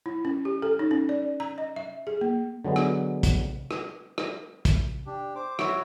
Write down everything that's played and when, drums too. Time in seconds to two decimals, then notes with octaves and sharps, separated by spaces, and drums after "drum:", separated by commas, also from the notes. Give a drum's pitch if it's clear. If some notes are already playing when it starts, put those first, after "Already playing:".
0.06 E4
0.25 C#4
0.45 G4
0.62 A4
0.79 D#4
0.91 C#4
1.09 D5
1.40 A#5
1.58 D#5
1.76 E5
2.07 G#4
2.21 A#3
2.65 D3 F#3 G#3 B3
2.76 drum: rim click
3.23 drum: kick, hi-hat
3.71 drum: rim click
4.18 drum: rim click
4.65 drum: kick, hi-hat
5.06 D4 G4
5.35 C5 D6
5.59 E4 F#4 C#5 E5, drum: rim click